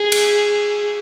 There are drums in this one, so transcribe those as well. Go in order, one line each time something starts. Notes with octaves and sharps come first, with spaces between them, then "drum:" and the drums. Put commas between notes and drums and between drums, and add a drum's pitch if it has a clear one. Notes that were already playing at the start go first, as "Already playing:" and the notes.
Already playing: G#4
drum: cymbal